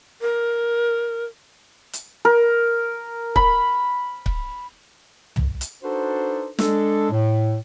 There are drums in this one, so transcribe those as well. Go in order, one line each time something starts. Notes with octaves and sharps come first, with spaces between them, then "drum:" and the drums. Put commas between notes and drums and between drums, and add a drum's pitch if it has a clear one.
A#4
drum: hi-hat
A#4
B5, drum: kick C#1
drum: kick C#1
drum: tom
drum: hi-hat
D4 D#4 F#4 A4 B4 C5
G#3 D4 A4, drum: snare
A2